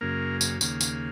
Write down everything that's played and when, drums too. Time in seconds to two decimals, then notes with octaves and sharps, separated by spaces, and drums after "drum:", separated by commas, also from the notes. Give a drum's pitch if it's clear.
0.01 F#2 C#3 A#3 A#4
0.41 drum: tambourine
0.61 D#2 C#3 A#3, drum: tambourine
0.81 drum: tambourine